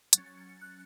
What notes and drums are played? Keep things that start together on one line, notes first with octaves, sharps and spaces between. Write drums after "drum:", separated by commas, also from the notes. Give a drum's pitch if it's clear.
F#3 C#4 A6, drum: hi-hat
A6
C#7
C#7
F#6